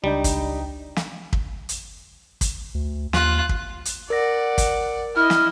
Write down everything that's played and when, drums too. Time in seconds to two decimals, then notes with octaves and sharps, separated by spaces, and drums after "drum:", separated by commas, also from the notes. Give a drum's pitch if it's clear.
0.04 C#2 G3 D4 D#4 G5
0.24 drum: kick, hi-hat
0.96 drum: snare
1.33 drum: kick
1.69 drum: hi-hat
2.41 drum: kick, hi-hat
2.74 D2
3.13 D#2 F4 F#6, drum: snare
3.49 drum: kick
3.85 drum: hi-hat
4.10 A#4 D5 F#5 A#6
4.58 drum: kick, hi-hat
5.16 E4 D#5 F6
5.30 drum: snare